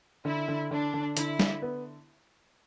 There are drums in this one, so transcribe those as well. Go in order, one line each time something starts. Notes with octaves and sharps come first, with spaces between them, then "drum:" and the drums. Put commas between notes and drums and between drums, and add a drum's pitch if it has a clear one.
D3 E4
D3
D3 D4
D3
D3 E4, drum: hi-hat
D3, drum: snare G3
B3